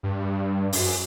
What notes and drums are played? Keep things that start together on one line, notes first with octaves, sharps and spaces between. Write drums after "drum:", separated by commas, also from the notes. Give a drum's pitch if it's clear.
G2
F#2, drum: open hi-hat